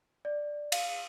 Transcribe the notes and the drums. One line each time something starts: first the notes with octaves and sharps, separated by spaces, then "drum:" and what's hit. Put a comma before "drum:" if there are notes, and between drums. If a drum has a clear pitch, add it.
D5
F5, drum: cymbal